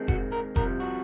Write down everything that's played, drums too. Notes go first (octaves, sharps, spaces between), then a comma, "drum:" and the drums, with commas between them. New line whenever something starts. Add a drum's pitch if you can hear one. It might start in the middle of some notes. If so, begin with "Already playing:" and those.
Already playing: C3 D#3 G#3 C4
F#4, drum: kick F1
A#4
C2 C3 F3 A#4, drum: kick F1
F#4